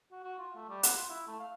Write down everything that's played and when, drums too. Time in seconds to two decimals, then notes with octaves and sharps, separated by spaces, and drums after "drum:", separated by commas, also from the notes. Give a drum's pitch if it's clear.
0.12 F#4
0.24 F#4
0.39 F4
0.56 A3
0.69 G3
0.83 F#5, drum: hi-hat
0.97 F4
1.10 E4
1.28 A3
1.40 F5